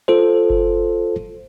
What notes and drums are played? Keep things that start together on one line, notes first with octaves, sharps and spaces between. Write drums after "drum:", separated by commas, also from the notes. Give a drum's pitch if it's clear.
F4 A4 C5
drum: kick F#1